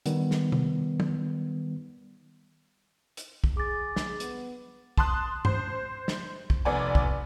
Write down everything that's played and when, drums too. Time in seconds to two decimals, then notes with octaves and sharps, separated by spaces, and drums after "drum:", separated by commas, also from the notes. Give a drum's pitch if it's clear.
0.06 D#3 G3 B3, drum: hi-hat
0.31 drum: snare
0.52 drum: tom
1.00 drum: tom
3.17 drum: hi-hat
3.44 drum: kick
3.57 G#4 D6 A6
3.96 drum: snare
4.20 B3, drum: hi-hat
4.98 A5 C6 D#6 F#6, drum: kick
5.45 C5, drum: tom G2
6.08 drum: snare
6.50 drum: kick
6.65 F1 B3 D5 G#5
6.95 drum: kick